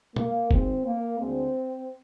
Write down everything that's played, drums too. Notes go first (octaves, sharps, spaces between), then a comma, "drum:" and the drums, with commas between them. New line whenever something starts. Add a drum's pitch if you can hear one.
A#3, drum: tom
G#1 G#2 D#3 G#3 C4, drum: kick
A#3
D2 D3 G#3 C4